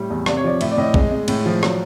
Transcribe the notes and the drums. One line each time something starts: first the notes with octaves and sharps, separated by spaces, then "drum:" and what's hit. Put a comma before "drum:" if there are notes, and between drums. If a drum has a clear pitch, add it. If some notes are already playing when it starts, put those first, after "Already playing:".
Already playing: A2 G3
E2
C3 D5, drum: rim click
C#5
F3 D5
A2 E5, drum: cymbal
D5
A2 D#5
G#3 D#5, drum: kick
G#3
A2, drum: cymbal
F3
F#3, drum: rim click